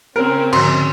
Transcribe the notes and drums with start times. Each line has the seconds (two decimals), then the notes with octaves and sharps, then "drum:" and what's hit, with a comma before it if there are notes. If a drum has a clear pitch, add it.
0.16 C#3 C4 C#4 A#4
0.53 G#2 D3 F3 C6, drum: cymbal